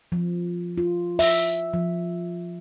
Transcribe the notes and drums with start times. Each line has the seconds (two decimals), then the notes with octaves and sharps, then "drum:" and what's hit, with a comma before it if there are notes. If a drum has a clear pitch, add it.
0.12 F3
0.78 F4
1.19 E5, drum: open hi-hat
1.73 F3